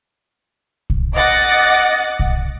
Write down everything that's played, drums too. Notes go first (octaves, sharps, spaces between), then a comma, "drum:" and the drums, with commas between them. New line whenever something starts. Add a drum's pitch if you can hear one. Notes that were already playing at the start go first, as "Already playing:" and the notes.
drum: kick
D#5 F#5 D6 A6 A#6
drum: kick